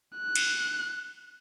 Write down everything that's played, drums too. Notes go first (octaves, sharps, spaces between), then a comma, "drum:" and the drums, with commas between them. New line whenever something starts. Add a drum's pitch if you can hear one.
F#6
drum: cymbal